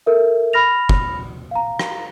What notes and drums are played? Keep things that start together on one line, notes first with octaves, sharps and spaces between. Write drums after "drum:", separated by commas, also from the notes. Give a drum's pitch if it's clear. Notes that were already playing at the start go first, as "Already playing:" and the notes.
A4 A#4 E5
B5 F6 A#6 F7
drum: kick
F5 A#5
drum: rim click